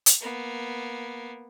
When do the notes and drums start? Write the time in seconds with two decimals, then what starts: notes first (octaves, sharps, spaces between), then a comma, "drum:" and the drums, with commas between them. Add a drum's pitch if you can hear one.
0.06 drum: hi-hat
0.21 A#3 B3